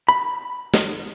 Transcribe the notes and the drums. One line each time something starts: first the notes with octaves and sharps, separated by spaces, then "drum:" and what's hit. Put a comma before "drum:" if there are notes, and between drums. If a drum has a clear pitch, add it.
B5
drum: snare